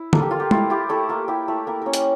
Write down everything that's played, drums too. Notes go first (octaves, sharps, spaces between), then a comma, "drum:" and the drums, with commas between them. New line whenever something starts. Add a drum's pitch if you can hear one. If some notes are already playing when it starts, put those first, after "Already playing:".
Already playing: E4
A#3 A4, drum: tom
G4
A#3 F4
G4
E4 F4, drum: tom
E4 G4
A3 E4 A4
A#3 F4
E4 G4
A3 E4 A4
A#3 E4 A#4
A#3 C#4 A#4 C#5
drum: hi-hat